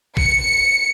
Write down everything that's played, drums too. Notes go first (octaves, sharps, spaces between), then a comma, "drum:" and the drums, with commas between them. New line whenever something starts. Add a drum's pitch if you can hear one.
C#7, drum: kick A#1